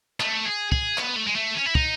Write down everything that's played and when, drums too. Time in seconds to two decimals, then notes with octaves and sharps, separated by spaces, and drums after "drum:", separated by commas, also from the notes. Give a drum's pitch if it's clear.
0.20 A3, drum: clap
0.45 G#4
0.72 G#4, drum: kick
0.98 B3, drum: clap
1.16 A3
1.27 G#3
1.36 A3
1.55 C#4
1.66 E4
1.75 D#4, drum: kick